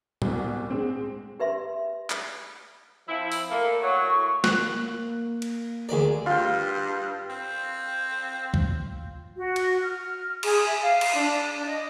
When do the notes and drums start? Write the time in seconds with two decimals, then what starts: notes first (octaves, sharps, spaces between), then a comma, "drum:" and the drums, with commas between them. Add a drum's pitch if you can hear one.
0.22 C2 B2, drum: tom A2
0.71 G#3 C4
1.40 G4 B4 E5 C6
2.10 drum: clap
3.09 F3 C4 E4
3.32 drum: open hi-hat
3.50 A#2 A3 A#3 A#4
3.82 A2 F#3 C#6
4.44 A#3 F#6, drum: snare
5.42 drum: cymbal
5.89 D2 G#4 A#4 D5
6.26 G2 F4 G5
7.30 C4
8.54 drum: kick
9.36 F#4
9.56 drum: cymbal
9.82 F6
10.43 G#4, drum: cymbal
10.65 E5
10.82 F5
11.01 drum: cymbal
11.15 D4
11.65 D#5